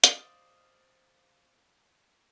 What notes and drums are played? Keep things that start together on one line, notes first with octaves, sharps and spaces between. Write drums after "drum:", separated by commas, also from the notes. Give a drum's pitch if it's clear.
C5 D5 D#5 F5, drum: hi-hat